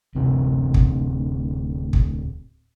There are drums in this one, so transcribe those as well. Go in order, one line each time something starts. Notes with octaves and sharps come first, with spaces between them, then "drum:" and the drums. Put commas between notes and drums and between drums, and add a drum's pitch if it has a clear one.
D1 C3
drum: kick
drum: kick